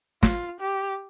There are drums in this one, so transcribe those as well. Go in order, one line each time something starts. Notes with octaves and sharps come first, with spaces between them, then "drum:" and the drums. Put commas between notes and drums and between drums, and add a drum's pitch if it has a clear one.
F4, drum: snare
G4